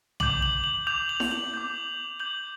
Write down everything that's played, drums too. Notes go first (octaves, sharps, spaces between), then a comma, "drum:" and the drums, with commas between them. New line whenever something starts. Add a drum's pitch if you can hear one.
D6 G6 F#7, drum: tom B1
F#7
F#7
D6 G6 F7
F#7
drum: snare E4
F#7
D6 G6
D6 G6 F#7